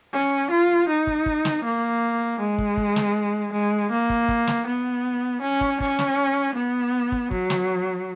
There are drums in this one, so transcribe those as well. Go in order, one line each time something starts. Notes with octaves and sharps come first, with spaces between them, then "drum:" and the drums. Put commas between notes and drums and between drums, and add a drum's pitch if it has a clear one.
C#4
F4
D#4
drum: kick
drum: kick
drum: snare
A#3
G#3
drum: kick
drum: kick
drum: snare
G#3
A#3
drum: kick
drum: kick
drum: snare
B3
C#4
drum: kick
C#4, drum: kick
drum: snare
B3
drum: kick
F#3, drum: kick
drum: snare